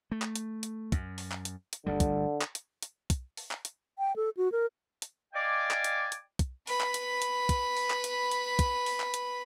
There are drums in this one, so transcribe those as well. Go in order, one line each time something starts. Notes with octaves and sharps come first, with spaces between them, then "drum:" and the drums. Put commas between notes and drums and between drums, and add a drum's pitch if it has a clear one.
A3
drum: clap
drum: hi-hat
drum: hi-hat
F#2, drum: kick, hi-hat
drum: open hi-hat
drum: clap
drum: hi-hat
drum: hi-hat
G1 D2 D3 G3
drum: kick, hi-hat
drum: clap
drum: hi-hat
drum: hi-hat
drum: kick, hi-hat
drum: open hi-hat
drum: clap
drum: hi-hat
G5
A4
F#4
A#4
drum: hi-hat
D5 D#5 F5 G5 G#5 D6
drum: clap
drum: hi-hat
drum: hi-hat
drum: kick, hi-hat
B4 B5, drum: open hi-hat
drum: clap
drum: hi-hat
drum: hi-hat
drum: kick, hi-hat
drum: open hi-hat
drum: clap
drum: hi-hat
drum: hi-hat
drum: kick, hi-hat
drum: open hi-hat
drum: clap
drum: hi-hat